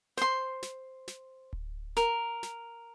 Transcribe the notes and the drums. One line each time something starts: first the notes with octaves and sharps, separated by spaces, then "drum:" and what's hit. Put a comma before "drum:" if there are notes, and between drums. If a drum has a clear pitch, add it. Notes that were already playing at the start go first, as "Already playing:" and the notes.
C5 C6, drum: snare
drum: snare
drum: snare
drum: kick D1
A#4, drum: snare
drum: snare